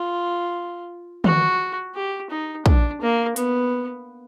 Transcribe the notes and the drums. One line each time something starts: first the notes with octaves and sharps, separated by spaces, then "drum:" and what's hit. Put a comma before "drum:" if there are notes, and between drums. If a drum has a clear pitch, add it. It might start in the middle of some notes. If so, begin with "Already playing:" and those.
Already playing: F4
F#4, drum: tom
G4
D#4
D4, drum: kick
A#3
B3, drum: hi-hat